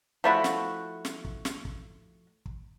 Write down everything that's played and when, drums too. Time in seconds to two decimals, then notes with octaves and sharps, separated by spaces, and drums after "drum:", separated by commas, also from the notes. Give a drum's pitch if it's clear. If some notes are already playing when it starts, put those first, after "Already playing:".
0.24 F3 A3 E4 F#4
0.44 drum: snare
1.05 drum: snare
1.25 drum: kick
1.45 drum: snare
1.65 drum: kick
2.46 drum: kick